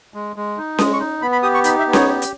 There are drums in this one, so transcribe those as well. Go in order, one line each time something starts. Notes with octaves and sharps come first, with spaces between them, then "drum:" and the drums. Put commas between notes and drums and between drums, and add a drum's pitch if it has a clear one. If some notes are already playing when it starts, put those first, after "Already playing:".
G#3
G#3
D#4
G#3 D#6, drum: snare C#4
C#6
D#4
B3 B5
B5
G4 D#6
C#6
D#4 B5, drum: hi-hat
E5
B3
C#5, drum: snare C#4
G4
drum: hi-hat